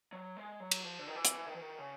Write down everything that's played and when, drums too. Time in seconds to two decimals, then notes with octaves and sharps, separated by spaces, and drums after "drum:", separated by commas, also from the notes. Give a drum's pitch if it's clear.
0.13 F#3
0.37 G#3
0.60 F#3
0.71 drum: cymbal
0.84 F3
0.99 D3
1.07 D#3
1.15 E3
1.25 drum: hi-hat
1.47 D#3
1.54 E3
1.61 D#3
1.78 C#3